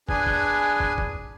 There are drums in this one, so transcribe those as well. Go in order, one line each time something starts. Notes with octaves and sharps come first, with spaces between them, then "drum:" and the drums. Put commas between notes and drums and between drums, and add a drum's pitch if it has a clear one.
D4 G#4 B4 G#5, drum: kick
drum: kick
drum: kick
drum: kick